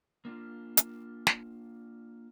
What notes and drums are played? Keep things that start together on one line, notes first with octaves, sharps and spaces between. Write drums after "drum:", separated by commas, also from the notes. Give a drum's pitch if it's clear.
A#3 D4 F4
drum: hi-hat
drum: snare